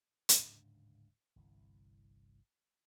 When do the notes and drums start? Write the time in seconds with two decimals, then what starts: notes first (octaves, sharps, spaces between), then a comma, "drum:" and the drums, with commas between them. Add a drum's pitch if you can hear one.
0.29 drum: hi-hat
0.39 D1 G#2 C#3 D4
1.36 G1 C2 E3